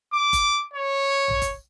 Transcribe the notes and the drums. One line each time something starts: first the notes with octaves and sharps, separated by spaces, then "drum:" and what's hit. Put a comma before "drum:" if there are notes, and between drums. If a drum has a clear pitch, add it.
D6
drum: kick G1, hi-hat
C#5
drum: tom A#1
drum: kick G1, hi-hat